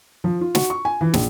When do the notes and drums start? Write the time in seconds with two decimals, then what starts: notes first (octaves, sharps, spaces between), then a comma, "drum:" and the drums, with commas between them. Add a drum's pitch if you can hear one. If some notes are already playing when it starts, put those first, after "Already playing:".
0.24 F3
0.41 F4
0.55 F#4, drum: snare
0.70 C#6
0.85 G#5
1.01 E3
1.14 A#1, drum: snare